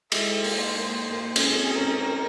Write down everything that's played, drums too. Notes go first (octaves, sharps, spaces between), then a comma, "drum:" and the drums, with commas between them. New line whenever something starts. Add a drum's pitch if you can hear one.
G#3 E5, drum: cymbal
A#3 C5, drum: open hi-hat
A#3
A#3
C#4, drum: cymbal
C4 G#4
C#4 A#4